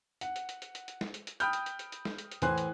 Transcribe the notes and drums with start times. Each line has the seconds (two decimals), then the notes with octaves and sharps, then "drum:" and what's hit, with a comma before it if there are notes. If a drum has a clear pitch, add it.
0.21 F#5, drum: hi-hat
0.36 drum: hi-hat
0.49 drum: hi-hat
0.62 drum: hi-hat
0.75 drum: hi-hat
0.88 drum: hi-hat
1.01 drum: snare
1.14 drum: hi-hat
1.27 drum: hi-hat
1.40 G5 B5 D#6 F6 G6, drum: hi-hat
1.53 drum: hi-hat
1.66 drum: hi-hat
1.79 drum: hi-hat
1.92 drum: hi-hat
2.05 drum: snare
2.18 drum: hi-hat
2.32 drum: hi-hat
2.42 A2 E3 C5 G#5 C6 F#6, drum: hi-hat
2.58 drum: hi-hat